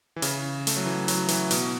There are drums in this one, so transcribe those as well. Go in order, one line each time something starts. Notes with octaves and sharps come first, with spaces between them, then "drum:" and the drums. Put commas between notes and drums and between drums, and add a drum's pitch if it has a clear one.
E3
C#3, drum: hi-hat
A3, drum: hi-hat
F#3
E3
F#3, drum: hi-hat
E3, drum: hi-hat
B2, drum: hi-hat